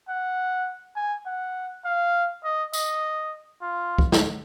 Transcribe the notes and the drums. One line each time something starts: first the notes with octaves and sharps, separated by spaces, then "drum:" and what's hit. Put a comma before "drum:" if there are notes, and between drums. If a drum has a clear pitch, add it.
F#5
G#5
F#5
F5
D#5
D#5, drum: tambourine
F4
drum: kick C#2
drum: snare